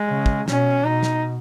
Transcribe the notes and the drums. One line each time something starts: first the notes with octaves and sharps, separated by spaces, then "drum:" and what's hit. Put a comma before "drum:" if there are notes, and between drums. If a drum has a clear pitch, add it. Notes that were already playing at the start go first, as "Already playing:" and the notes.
Already playing: G#3
C#3
drum: kick
B2 C#4, drum: snare
B2 D#4
drum: snare